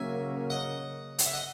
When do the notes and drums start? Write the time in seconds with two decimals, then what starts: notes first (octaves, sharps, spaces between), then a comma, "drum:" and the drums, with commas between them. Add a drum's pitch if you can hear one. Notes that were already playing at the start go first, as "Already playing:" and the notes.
Already playing: C#3 F#3 A#3 C#4 E5 G#5
0.50 D#5 F#5
1.19 F#5, drum: hi-hat
1.26 E5
1.33 D#5 F#5